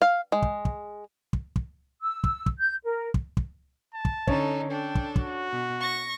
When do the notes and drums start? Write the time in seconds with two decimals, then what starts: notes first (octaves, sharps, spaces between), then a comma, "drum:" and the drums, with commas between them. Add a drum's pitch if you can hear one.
0.02 F5
0.32 G#3
0.42 drum: kick
0.65 drum: kick
1.33 drum: kick
1.56 drum: kick
2.02 E6
2.24 drum: kick
2.46 drum: kick
2.59 G6
2.85 A#4
3.14 drum: kick
3.37 drum: kick
3.94 A5
4.05 drum: kick
4.27 D3 C#4 D#4 A4, drum: kick
4.70 D4 A4 G5
4.95 drum: kick
5.16 F#4, drum: kick
5.51 B2
5.80 C#6 A#6